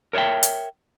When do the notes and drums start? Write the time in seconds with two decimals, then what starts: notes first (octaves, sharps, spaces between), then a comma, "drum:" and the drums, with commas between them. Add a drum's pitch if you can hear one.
0.13 A#4 C#5 D5 E5 G5
0.43 drum: hi-hat